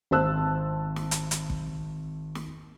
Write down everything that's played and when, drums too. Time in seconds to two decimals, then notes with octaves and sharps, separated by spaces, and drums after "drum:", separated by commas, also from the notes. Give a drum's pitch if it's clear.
0.11 G#1 C4 C5 A5 E6 F#6
0.96 drum: snare
1.11 drum: hi-hat
1.31 drum: hi-hat
1.50 drum: kick
2.35 drum: snare